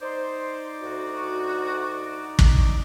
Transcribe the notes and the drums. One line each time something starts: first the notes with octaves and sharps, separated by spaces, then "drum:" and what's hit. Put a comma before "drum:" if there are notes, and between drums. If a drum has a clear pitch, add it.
D#4 C5 D5 D6
D2 F#4
drum: kick